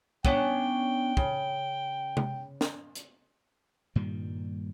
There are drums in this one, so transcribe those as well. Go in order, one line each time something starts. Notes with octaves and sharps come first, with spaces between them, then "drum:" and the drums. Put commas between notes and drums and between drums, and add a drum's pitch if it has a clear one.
B3 C#4 D4 G5, drum: kick
C#3, drum: kick
drum: tom C3
drum: snare
drum: hi-hat
G2 A#2 D#3 G3